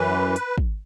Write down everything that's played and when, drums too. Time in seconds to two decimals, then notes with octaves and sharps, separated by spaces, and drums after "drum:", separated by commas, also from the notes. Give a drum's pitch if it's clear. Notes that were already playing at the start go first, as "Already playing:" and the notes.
Already playing: F#2 E3 B4
0.36 drum: hi-hat
0.58 drum: kick